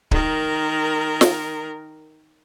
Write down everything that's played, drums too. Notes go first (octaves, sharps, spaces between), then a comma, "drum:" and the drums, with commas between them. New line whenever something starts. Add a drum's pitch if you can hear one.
D#3 A#4, drum: kick D1
drum: snare